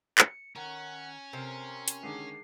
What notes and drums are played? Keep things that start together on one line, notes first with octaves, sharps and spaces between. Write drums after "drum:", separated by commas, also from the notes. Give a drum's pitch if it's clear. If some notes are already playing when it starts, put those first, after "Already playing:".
C#7, drum: clap
D#3 C#4 F#5
C3 C4 A#4 C6
drum: hi-hat
D3 D#3 G#3 C7